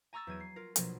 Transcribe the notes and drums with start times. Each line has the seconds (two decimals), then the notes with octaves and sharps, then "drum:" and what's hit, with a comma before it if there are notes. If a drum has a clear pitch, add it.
0.13 G#5 A#5 C#6 E6 A6 A#6
0.27 E2 F#3 G#6 D#7
0.40 C7
0.56 F4 A#4
0.76 A#1 B2 F3 F#3 A#3 F4, drum: hi-hat